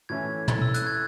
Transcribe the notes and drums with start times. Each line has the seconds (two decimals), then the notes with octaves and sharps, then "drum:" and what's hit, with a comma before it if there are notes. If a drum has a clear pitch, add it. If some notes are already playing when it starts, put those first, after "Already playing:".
0.09 A2 E3 A3 C#4 E4 G#6
0.48 A6, drum: tom
0.62 E6
0.74 F#6, drum: hi-hat
0.87 G#6